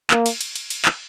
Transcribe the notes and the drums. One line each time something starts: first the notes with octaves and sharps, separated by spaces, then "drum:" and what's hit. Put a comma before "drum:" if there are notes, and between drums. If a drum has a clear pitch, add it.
A#3, drum: clap
drum: cymbal
drum: cymbal
drum: cymbal
drum: cymbal
drum: clap